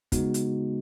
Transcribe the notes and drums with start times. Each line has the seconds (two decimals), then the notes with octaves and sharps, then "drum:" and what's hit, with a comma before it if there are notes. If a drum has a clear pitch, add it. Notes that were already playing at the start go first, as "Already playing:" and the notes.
0.12 C#3 G#3 B3 D#4 F#4, drum: kick, hi-hat
0.34 drum: hi-hat